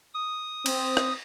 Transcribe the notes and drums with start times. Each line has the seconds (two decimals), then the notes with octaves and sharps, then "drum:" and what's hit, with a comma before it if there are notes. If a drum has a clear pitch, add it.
0.14 D#6
0.66 C4, drum: cymbal
0.97 drum: rim click